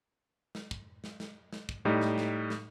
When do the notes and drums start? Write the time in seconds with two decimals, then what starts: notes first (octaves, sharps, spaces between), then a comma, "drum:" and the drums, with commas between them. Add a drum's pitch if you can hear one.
0.55 drum: snare
0.71 drum: kick
1.04 drum: snare
1.20 drum: snare
1.53 drum: snare
1.69 drum: kick
1.85 A2 G3 D#4
2.01 drum: snare
2.18 drum: snare
2.50 drum: snare